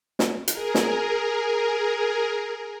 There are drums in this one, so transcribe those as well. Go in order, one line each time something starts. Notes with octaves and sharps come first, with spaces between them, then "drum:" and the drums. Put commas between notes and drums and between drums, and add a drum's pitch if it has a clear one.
drum: snare
G#4 A#4, drum: hi-hat
drum: snare